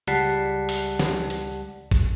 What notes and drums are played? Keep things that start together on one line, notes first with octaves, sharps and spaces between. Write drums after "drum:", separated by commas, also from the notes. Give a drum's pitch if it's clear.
C#2 G3 F#5 A5 B6 C7, drum: hi-hat
drum: open hi-hat
drum: snare
drum: hi-hat
drum: kick, hi-hat